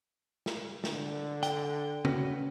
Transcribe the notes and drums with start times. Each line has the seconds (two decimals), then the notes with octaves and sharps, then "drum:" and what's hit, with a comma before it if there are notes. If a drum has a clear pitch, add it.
0.46 drum: snare
0.84 D3, drum: snare
1.43 G5, drum: hi-hat
2.05 C#4 F#4 B4, drum: tom C#3